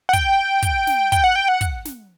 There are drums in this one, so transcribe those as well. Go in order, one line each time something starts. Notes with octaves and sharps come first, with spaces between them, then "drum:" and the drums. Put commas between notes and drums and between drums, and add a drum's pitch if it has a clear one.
F#5
G5, drum: kick, hi-hat
drum: kick, hi-hat
drum: snare
G5, drum: kick, hi-hat
F#5
G5
F#5
drum: kick, hi-hat
drum: snare